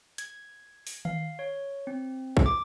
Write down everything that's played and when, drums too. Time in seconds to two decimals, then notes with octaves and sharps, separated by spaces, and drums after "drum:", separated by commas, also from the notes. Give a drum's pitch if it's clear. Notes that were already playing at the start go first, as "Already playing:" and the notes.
0.18 G#6, drum: hi-hat
0.87 drum: open hi-hat
1.05 F5, drum: tom D#3
1.39 C#5
1.87 C4
2.37 drum: kick B1
2.46 D6